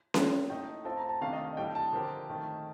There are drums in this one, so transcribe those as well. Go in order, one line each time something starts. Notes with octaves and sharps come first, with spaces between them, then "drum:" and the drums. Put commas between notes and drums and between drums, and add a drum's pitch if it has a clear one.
C3 G3 A#3 F4, drum: snare C#4
A2 A3 D#4 G5
A3 C4 F4 A4 A5
A#5
A5
C3 D#3 A3 D4 F5
D#5
F5
A2 G3 D4 A4 G5
A5
D3 F3 C4 G4 A#4
D#3 A3 C4 D#4